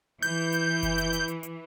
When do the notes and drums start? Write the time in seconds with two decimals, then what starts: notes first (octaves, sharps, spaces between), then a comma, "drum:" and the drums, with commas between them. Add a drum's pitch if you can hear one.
0.22 E3 G6, drum: hi-hat
0.53 drum: hi-hat
0.83 drum: kick F#1, hi-hat
0.98 drum: hi-hat
1.13 drum: hi-hat
1.28 drum: hi-hat
1.43 drum: hi-hat